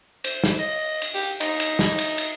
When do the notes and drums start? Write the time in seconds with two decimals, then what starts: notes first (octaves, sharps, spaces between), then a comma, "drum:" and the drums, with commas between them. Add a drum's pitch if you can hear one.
0.24 C5, drum: cymbal
0.44 drum: snare
0.59 D#5
1.02 drum: cymbal
1.14 G4
1.40 D#4, drum: cymbal
1.60 drum: cymbal
1.79 drum: snare
1.98 drum: cymbal
2.18 drum: cymbal